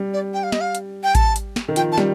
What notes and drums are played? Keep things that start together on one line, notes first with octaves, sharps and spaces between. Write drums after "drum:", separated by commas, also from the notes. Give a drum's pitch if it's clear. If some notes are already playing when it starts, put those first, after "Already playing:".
Already playing: G3
D5
G5
F5
D#5, drum: snare
F5
drum: hi-hat
G5
A5, drum: kick A1, hi-hat
drum: hi-hat
drum: snare
D#3
F3 G5, drum: hi-hat
A5
G3, drum: snare